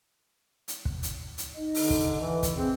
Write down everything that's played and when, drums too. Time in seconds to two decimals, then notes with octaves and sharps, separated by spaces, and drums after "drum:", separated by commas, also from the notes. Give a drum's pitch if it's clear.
0.68 drum: hi-hat
0.85 drum: kick
1.03 drum: hi-hat
1.38 drum: hi-hat
1.55 D#4 D#5
1.75 D3, drum: open hi-hat
1.90 drum: kick
2.20 E3
2.43 drum: kick, hi-hat
2.55 C4 G#4 B4 G#5